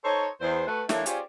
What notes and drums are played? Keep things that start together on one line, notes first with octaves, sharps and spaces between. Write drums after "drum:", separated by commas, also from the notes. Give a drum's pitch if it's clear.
D#4 A4 C5 C#5
E2 C5
A3 F#4 B4
E3 A3 A#3 D4 E4 C#5, drum: snare
C#4 F4 G4 G#4 C5 D5, drum: hi-hat